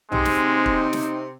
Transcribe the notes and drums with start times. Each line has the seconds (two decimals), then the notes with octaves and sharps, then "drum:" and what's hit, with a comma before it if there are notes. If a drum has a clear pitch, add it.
0.12 C3 G#3 C4 D#4, drum: tom B1
0.25 drum: snare
0.66 drum: kick
0.93 drum: snare